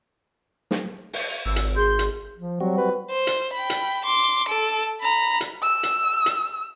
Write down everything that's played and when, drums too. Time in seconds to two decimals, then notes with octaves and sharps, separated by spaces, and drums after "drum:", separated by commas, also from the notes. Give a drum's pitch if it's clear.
0.71 drum: snare
1.13 drum: open hi-hat
1.46 G#1 E6
1.56 drum: hi-hat
1.76 G#4 C6 G6
1.99 drum: hi-hat
2.38 F3
2.61 F#3 G3 C4 F#4
2.77 B4
3.10 C5
3.27 drum: hi-hat
3.53 G5 B5
3.70 drum: hi-hat
4.04 C6 D6
4.48 A4 D7
5.01 A#5 B5
5.41 drum: hi-hat
5.62 E6
5.83 drum: hi-hat
6.26 drum: hi-hat